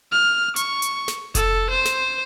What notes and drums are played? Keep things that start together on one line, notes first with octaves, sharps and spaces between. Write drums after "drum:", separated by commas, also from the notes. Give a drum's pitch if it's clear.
F6
C#6, drum: hi-hat
drum: hi-hat
drum: snare
A4, drum: kick F1, hi-hat
C5
drum: snare